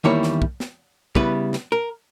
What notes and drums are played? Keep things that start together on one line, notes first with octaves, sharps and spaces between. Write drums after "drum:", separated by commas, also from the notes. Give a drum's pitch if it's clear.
E2 D#3 G3 A#3 E4 C#5
drum: snare
drum: kick
drum: snare
C#3 G3 B3 E4 B4, drum: kick
drum: snare
A#4